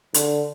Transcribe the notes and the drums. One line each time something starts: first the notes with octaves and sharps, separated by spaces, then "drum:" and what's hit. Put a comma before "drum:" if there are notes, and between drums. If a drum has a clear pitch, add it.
D3, drum: hi-hat